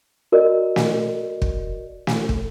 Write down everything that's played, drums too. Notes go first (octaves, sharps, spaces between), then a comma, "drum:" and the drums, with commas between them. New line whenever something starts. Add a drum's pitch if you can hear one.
F#4 A#4 D5 D#5
drum: snare
drum: kick
drum: snare
drum: kick